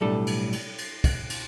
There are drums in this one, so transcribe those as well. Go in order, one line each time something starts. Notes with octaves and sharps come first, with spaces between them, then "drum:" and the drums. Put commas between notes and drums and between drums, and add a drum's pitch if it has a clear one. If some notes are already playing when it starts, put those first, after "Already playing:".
B1 A2 G3 D4 A4
drum: cymbal
drum: cymbal
drum: cymbal
drum: kick, cymbal
drum: cymbal